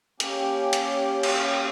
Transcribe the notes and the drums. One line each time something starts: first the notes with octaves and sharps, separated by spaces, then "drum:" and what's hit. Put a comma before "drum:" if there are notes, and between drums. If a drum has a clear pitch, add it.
A#3 C#4 G4, drum: hi-hat
drum: hi-hat
drum: cymbal